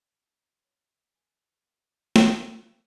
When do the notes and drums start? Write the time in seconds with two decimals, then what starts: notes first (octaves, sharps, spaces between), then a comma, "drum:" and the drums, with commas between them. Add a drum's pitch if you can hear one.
0.59 B3 C#4
1.15 G#5 F#6 C#7 D#7
1.63 G3 A#3
2.16 drum: snare
2.55 G#1 G#2 B3 C#4 E5 D#6